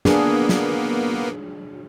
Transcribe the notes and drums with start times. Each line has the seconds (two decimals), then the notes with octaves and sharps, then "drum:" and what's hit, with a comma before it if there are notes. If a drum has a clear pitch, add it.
0.05 A#3 B3 D4 G#4, drum: snare
0.49 drum: snare